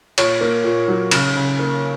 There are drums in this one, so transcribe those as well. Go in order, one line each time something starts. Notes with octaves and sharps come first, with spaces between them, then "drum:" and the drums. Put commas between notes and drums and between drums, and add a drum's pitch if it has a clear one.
A#2 C#5, drum: cymbal
A#3
A#2
F#3
C#3, drum: cymbal
C#3
A#3